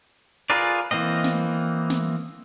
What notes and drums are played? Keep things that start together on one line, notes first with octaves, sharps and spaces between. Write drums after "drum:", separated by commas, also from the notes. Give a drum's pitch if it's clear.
F4 G#4 A#4 B4 D5
E3 A#3 C4 D#5
drum: snare
drum: snare